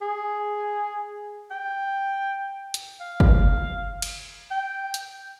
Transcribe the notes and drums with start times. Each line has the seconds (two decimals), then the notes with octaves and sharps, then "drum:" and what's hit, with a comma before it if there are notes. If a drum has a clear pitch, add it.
0.02 G#4
1.51 G5
2.74 drum: hi-hat
3.00 F5
3.20 drum: kick
4.02 drum: cymbal
4.51 G5
4.94 drum: hi-hat